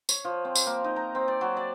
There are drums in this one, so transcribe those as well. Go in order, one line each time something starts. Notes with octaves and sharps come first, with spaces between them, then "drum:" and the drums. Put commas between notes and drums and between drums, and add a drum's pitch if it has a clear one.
C#5, drum: tambourine
F3
C4
drum: tambourine
A#3
D#4
A#5
C4
D5
F#3
D5